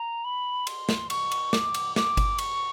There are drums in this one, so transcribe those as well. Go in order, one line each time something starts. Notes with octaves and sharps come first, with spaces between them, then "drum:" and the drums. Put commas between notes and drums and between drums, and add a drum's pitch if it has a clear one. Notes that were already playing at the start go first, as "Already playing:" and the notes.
Already playing: A#5
B5
C6, drum: cymbal
drum: snare
C#6, drum: cymbal
drum: cymbal
D6, drum: snare
drum: cymbal
D6, drum: snare
drum: kick G1, cymbal
C#6, drum: cymbal